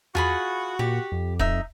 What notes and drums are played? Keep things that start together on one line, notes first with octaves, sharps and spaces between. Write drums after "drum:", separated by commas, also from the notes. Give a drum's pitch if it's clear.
F4 F#4 G#4 B5, drum: tom E2
A#2 G4
F2
D#4 E5, drum: kick